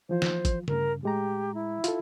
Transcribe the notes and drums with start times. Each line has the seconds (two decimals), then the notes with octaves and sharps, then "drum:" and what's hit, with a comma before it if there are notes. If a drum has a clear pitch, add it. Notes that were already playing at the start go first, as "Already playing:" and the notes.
0.09 E3 F3 F4 C5
0.22 drum: snare
0.45 drum: kick, hi-hat
0.68 G2 C#3 A#4, drum: tom C#3
1.03 A2 G#3 G4 A#5
1.54 E4
1.84 F4 A4, drum: hi-hat